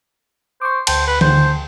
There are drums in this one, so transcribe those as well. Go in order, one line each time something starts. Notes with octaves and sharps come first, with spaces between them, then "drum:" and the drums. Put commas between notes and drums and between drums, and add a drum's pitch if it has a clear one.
C5 C#6 D6
D2 C5 G5 A5, drum: cymbal
B4
C5, drum: tom D3